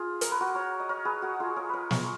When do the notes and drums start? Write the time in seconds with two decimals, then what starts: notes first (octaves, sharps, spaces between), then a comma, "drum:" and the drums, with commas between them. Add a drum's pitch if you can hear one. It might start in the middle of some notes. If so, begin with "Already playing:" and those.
Already playing: F4 G#4
0.21 A#4, drum: hi-hat
0.31 B4
0.41 F#4 A#4
0.55 A#4 C#5
0.80 D#5
0.89 A#4 C#5
1.05 G#4 B4
1.22 F#4 A#4
1.40 F4 G#4
1.56 A#4 C#5
1.69 A#4 B4 C#5
1.91 A#4 C#5, drum: snare